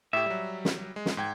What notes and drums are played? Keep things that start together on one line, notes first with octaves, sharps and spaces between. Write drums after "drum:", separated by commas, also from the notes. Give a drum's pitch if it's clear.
A2 G4 E5
F#3 G3
drum: snare
G#3
drum: snare
G#2 G5 G#6